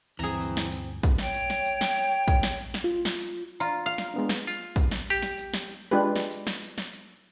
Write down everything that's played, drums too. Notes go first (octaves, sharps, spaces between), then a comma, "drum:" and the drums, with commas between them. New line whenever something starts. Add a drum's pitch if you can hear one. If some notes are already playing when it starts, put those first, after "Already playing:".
D2 G2 E3 F#3 C4 G#4 A#5
drum: tambourine
drum: snare
drum: tambourine
drum: kick, tambourine
C#5 G5, drum: snare
drum: tambourine
drum: snare
drum: tambourine
drum: snare
drum: tambourine
drum: kick, tambourine
drum: snare
drum: tambourine
drum: snare
F4
drum: snare
drum: tambourine
F4 A#5
F5
drum: snare
G#3 B3 D4
drum: snare
F4, drum: tambourine
drum: kick, tambourine
drum: snare
G4
drum: snare
drum: tambourine
drum: snare
drum: tambourine
G#3 D4 F4 G4 B4
drum: snare
drum: tambourine
drum: snare
drum: tambourine
drum: snare
drum: tambourine